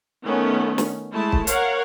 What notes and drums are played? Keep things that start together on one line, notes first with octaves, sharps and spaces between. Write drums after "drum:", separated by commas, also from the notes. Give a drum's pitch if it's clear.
D#3 A3 B3 C#4
drum: snare
G#3 A3 E4 A5
drum: kick
A#4 C#5 F5 F#5, drum: hi-hat